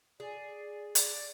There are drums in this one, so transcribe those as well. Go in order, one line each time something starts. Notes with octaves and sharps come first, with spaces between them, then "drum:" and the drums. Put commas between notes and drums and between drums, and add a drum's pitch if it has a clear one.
G#4 D5
D5, drum: hi-hat